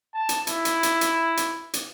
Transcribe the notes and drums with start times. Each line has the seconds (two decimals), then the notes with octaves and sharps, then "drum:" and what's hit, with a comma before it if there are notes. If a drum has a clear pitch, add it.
0.14 A5
0.29 drum: hi-hat
0.47 E4, drum: hi-hat
0.65 drum: hi-hat
0.83 drum: hi-hat
1.01 drum: hi-hat
1.37 drum: hi-hat
1.74 drum: hi-hat